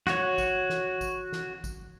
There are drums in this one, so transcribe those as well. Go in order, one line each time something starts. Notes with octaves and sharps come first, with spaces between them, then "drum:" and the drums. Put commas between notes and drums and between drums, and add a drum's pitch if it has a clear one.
F#4 C#5, drum: snare
drum: kick, tambourine
drum: snare
drum: kick, tambourine
drum: snare
drum: kick, tambourine